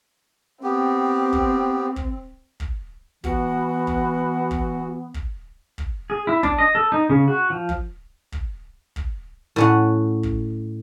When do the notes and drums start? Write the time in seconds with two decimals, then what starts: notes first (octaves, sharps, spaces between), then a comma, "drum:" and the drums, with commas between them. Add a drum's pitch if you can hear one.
0.63 B3 C4 G4
1.33 drum: kick
1.96 drum: kick
2.60 drum: kick
3.24 E3 B3 F#4, drum: kick
3.87 drum: kick
4.51 drum: kick
5.14 drum: kick
5.78 drum: kick
6.10 G#4
6.27 E4
6.43 D4, drum: kick
6.59 D#5
6.75 A4
6.92 D#4
7.10 C#3
7.28 F#4
7.50 F3
7.69 drum: kick
8.32 drum: kick
8.96 drum: kick
9.56 A2 C#4 F#5
10.23 drum: kick